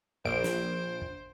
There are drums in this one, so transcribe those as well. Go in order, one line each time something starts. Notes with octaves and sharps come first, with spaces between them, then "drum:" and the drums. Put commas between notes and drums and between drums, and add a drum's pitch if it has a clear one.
A#1 C5 D7, drum: kick
drum: snare
drum: kick